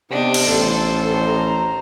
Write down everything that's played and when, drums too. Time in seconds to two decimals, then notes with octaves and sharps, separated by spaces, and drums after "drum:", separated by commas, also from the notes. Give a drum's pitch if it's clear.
0.11 C3 B3 D4 G4 D#5
0.34 drum: cymbal
0.47 A1 A4 C5
1.27 A#5